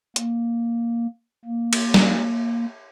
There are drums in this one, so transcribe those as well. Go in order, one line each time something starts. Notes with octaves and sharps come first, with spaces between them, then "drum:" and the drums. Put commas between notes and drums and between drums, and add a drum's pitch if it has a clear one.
A#3, drum: hi-hat
A#3
drum: cymbal
drum: snare